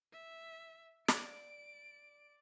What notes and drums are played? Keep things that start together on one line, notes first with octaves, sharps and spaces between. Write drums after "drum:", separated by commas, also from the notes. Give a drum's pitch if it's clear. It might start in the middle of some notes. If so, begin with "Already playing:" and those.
E5
D5 D7, drum: snare